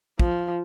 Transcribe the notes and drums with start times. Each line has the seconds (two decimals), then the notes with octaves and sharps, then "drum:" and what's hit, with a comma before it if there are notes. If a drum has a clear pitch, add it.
0.19 F3, drum: kick